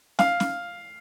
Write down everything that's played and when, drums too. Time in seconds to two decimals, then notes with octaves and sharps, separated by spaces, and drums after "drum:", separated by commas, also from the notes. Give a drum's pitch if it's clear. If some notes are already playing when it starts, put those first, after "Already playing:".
0.19 F5, drum: snare
0.40 drum: snare